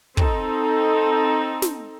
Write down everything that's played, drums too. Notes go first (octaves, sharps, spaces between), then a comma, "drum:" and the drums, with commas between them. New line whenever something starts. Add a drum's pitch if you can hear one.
C4 D#4 A4, drum: kick
drum: snare